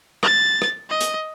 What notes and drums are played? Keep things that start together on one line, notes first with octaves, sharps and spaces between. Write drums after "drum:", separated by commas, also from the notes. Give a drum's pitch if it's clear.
A6, drum: rim click
drum: rim click
D#5
drum: hi-hat